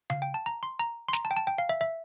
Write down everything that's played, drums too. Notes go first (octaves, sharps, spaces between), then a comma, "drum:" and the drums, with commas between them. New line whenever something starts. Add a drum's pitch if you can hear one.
F5, drum: tom C#3
G5
A5
A#5
C6
A#5
C6
A#5, drum: snare
A5
G5
A5
G5
F5
E5
E5